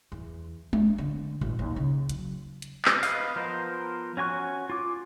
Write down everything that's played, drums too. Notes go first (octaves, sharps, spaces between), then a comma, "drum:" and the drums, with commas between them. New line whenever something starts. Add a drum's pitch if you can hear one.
E2
D4, drum: tom
D3
A1, drum: tom A#2
D#2
C#3
F#3, drum: hi-hat
drum: hi-hat
drum: clap
B4 D#5 F5, drum: open hi-hat
F3 B3 A#4 C5
C#4 F#4 G#5 C#6 F#6
F4 D6